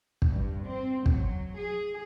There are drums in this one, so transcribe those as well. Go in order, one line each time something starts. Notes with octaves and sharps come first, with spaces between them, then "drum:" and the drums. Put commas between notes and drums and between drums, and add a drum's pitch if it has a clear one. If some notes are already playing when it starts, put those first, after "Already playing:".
drum: kick
G2
C4
F#3, drum: kick
G#4